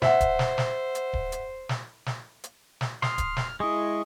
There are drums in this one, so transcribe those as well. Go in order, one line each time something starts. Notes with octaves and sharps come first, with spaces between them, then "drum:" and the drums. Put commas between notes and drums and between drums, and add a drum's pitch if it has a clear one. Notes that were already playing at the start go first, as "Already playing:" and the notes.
C5 E5 F#5, drum: snare
drum: kick D1, hi-hat
drum: snare
drum: snare
drum: hi-hat
drum: kick D1
drum: hi-hat
drum: snare
drum: snare
drum: hi-hat
drum: snare
C6 D#6 F6, drum: snare
drum: kick D1, hi-hat
drum: snare
G#3 E4 G#4 D#5 C#6